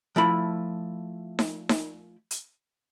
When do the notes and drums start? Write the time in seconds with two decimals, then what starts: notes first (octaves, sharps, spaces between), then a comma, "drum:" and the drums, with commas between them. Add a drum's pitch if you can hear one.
0.16 F3 A3 E4 B5
1.39 drum: snare D#4
1.69 drum: snare D#4
2.31 drum: hi-hat